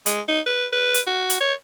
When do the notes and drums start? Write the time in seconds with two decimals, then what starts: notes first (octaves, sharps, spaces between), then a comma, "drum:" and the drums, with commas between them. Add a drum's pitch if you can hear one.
0.06 G#3, drum: hi-hat
0.28 D#4
0.46 B4
0.72 B4
0.94 drum: hi-hat
1.07 F#4
1.30 drum: hi-hat
1.40 C#5